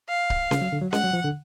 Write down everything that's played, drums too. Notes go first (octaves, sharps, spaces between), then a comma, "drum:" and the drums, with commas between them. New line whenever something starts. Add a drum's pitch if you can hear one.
F5
drum: kick C#1
C#3, drum: snare C#4
F#3
D3
F#3
G#3 F#5, drum: snare C#4
F#3
F3
D3